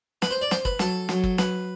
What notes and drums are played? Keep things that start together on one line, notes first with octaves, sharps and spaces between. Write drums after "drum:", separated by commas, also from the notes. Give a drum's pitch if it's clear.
B4, drum: snare
C5
D5
C5, drum: snare
B4, drum: kick
F#3 A4, drum: snare
F#3, drum: snare
drum: kick
B4, drum: snare